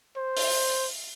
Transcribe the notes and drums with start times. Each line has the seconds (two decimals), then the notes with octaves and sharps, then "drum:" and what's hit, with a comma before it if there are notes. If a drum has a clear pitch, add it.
0.17 C5
0.37 drum: open hi-hat